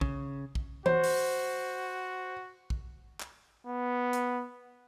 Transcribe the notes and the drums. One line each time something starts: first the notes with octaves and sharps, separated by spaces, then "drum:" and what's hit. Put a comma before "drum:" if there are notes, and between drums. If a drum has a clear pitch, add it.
C#3, drum: kick A#1
drum: kick A#1
F#4 C5, drum: tom E3
drum: open hi-hat
drum: kick A#1
drum: clap
B3
drum: hi-hat